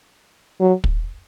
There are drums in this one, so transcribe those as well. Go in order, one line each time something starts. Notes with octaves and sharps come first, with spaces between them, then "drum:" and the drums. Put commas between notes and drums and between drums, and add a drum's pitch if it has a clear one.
F#3
drum: kick